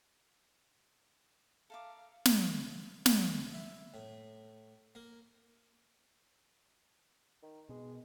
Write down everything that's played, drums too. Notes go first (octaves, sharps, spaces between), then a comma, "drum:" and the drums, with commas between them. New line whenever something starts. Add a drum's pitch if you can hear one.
A4 E5 F5 A#5 D6
drum: snare
E2, drum: snare
E4
A2
A#3
D#3
B2 G#3